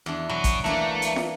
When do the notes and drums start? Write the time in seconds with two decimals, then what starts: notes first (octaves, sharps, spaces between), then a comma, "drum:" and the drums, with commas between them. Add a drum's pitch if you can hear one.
0.06 E2 D4
0.30 B2 F#3
0.44 drum: kick A1, hi-hat
0.64 E3 A3 A#3 D4
1.02 drum: hi-hat
1.16 drum: snare